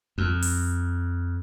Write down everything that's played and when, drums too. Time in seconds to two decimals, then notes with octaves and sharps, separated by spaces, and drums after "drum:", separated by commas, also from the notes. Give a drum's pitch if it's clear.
0.18 F2
0.42 drum: open hi-hat